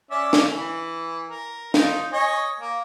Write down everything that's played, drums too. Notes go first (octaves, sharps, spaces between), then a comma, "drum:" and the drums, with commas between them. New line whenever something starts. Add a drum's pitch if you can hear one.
C#4 D5 E5
drum: snare
E3
A#4
D#4 F4, drum: snare
C#5 D#5 G#5
A#3